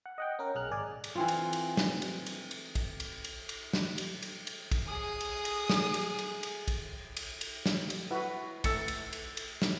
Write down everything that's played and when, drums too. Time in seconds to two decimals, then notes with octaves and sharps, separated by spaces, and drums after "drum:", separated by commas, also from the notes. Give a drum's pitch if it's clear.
0.06 F#5
0.18 D#5 F#5 G5
0.39 C#4 A#4
0.55 B1 G#4 F6 F#6
0.71 G#1 G#4 D5 G#5
1.04 drum: cymbal
1.15 E3 C4 F4
1.28 drum: cymbal
1.53 drum: cymbal
1.77 drum: snare
2.02 drum: cymbal
2.26 drum: cymbal
2.51 drum: cymbal
2.75 drum: kick, cymbal
3.00 drum: cymbal
3.24 drum: cymbal
3.49 drum: cymbal
3.73 drum: snare
3.98 drum: cymbal
4.22 drum: cymbal
4.47 drum: cymbal
4.71 drum: kick, cymbal
4.87 G#4 D#6
5.20 drum: cymbal
5.45 drum: cymbal
5.70 drum: snare
5.94 drum: cymbal
6.19 drum: cymbal
6.43 drum: cymbal
6.68 drum: kick, cymbal
7.17 drum: cymbal
7.41 drum: cymbal
7.66 drum: snare
7.90 drum: cymbal
8.11 E4 F#4 B4
8.64 A3 E6 A6 C#7, drum: kick, cymbal
8.88 drum: cymbal
9.13 drum: cymbal
9.37 drum: cymbal
9.62 drum: snare